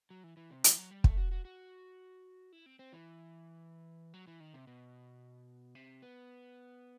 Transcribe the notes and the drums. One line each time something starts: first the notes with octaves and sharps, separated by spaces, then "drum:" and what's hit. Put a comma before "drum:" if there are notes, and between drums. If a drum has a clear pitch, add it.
F#3
E3
E3
C3
E3, drum: hi-hat
F#3
G3
A3, drum: kick
F#4
F#4
F#4
E4
C4
C4
E3
F#3
E3
D#3
C3
B2
C3
B3